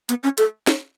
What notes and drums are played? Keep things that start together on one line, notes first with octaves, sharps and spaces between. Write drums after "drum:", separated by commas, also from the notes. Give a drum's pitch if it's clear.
B3, drum: hi-hat
C#4
A4, drum: hi-hat
drum: snare